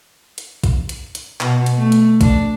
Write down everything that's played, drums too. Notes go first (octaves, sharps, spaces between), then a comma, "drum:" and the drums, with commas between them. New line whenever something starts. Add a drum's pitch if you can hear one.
drum: hi-hat
drum: kick A#1, hi-hat
drum: hi-hat
drum: hi-hat
B2, drum: clap
drum: hi-hat
A3
drum: hi-hat
D4, drum: kick A#1, hi-hat